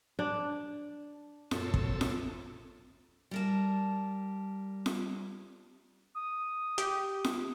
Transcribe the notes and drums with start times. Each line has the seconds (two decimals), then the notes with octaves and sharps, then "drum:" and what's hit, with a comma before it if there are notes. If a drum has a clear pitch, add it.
0.19 D4
1.51 F#2 A#2 C4 A4 C#5 E6, drum: snare
1.74 drum: kick
2.01 drum: snare
3.31 G3 A#4 A5
4.86 drum: snare
6.15 D#6
6.78 G4, drum: hi-hat
7.24 drum: snare